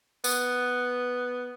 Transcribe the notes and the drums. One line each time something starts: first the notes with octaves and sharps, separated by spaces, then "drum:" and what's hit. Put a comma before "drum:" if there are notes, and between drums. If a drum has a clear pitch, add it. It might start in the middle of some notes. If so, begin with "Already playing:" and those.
B3, drum: tambourine